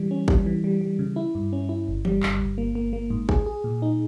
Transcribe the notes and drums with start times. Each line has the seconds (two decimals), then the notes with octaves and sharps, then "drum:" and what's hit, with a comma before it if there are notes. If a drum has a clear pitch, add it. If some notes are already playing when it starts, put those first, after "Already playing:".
Already playing: E3 G3
0.11 C#4
0.28 G3, drum: kick G#1
0.46 E3
0.64 G3
0.81 G3
0.99 C#3
1.16 E4
1.35 G2
1.53 C#4
1.69 E4
1.88 G1
2.05 G3, drum: tom E3
2.23 G1, drum: clap
2.40 G1
2.58 A#3
2.75 A#3
2.93 A#3
3.10 G#2
3.29 G#4, drum: kick G#1
3.46 G#4
3.64 A#2
3.82 D#4